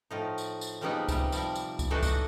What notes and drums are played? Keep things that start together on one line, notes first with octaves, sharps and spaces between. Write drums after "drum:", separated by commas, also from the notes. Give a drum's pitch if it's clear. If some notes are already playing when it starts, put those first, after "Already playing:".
A2 F3 D#4
drum: tambourine
drum: tambourine
C#3 F3 G3 A#3 B3 D#4
C3 G3, drum: kick C#2, tambourine
F3 G3 A#4, drum: tambourine
drum: tambourine
drum: kick C#2, tambourine
E3 A3 D4 D#4 F#4 A4
drum: kick C#2, tambourine